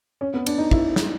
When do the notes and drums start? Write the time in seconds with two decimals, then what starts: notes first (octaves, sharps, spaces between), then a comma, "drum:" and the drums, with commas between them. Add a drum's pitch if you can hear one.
0.21 C#4
0.34 B3
0.46 D4, drum: cymbal
0.58 D#4
0.71 E4, drum: kick
0.96 drum: snare